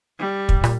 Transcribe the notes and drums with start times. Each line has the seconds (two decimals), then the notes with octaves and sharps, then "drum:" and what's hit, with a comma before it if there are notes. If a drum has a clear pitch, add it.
0.19 G3
0.49 drum: kick
0.64 A#2, drum: rim click